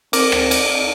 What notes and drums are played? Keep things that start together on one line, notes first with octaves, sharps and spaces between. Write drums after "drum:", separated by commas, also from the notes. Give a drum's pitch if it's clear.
C4 A#4 D6, drum: cymbal
drum: rim click
drum: cymbal